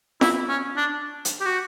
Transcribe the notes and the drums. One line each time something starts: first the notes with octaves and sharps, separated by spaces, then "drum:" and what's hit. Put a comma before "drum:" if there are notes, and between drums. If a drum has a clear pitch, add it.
E4, drum: snare
C#4
D4
drum: hi-hat
G4
F#4